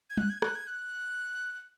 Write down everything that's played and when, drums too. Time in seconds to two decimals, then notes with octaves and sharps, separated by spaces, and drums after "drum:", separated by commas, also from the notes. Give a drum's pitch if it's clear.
0.10 G#6
0.17 F#6, drum: tom
0.29 G#6
0.42 F#6, drum: rim click
0.55 G#6
0.67 F#6